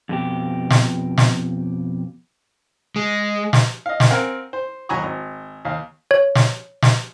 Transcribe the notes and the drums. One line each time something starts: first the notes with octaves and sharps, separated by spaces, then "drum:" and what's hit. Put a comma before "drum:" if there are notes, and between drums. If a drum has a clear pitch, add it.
F2 B2 G4
drum: snare
drum: snare
G#3
drum: snare
D#5 F5
drum: snare
C4 A#4 F5 F#5 G#5
C5
D#2 F#3 G#5 A#5 B5 C#6
G#1
D#2 F5
C#5
drum: snare
drum: snare